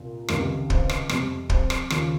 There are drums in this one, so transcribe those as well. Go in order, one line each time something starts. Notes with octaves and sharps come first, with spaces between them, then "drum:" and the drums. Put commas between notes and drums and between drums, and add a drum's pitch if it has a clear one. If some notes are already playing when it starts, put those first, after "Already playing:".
Already playing: C2 A#2
C#2 C3 D#3 G3 A#4, drum: rim click
C5, drum: kick
drum: rim click
F2 C3 G3, drum: rim click
C5, drum: kick
drum: rim click
D#2 C#3 F3, drum: rim click